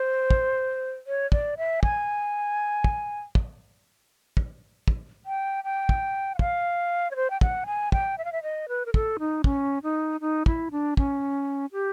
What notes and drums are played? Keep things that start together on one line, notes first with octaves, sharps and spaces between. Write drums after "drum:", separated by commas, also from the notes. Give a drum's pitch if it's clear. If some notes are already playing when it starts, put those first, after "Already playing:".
Already playing: C5
drum: kick
C#5
D5, drum: kick
E5
G#5, drum: kick
drum: kick
drum: kick
drum: kick
drum: kick
G5
G5
drum: kick
F#5
F5, drum: kick
C#5
C5
G5
F#5, drum: kick
G#5
G5, drum: kick
E5
F5
E5
D#5
B4
A#4
A4, drum: kick
D#4
C#4, drum: kick
D#4
D#4
E4, drum: kick
D4
C#4, drum: kick
G4